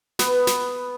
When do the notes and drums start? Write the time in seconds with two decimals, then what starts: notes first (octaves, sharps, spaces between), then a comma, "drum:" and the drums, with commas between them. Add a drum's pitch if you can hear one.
0.19 B3, drum: snare
0.47 drum: snare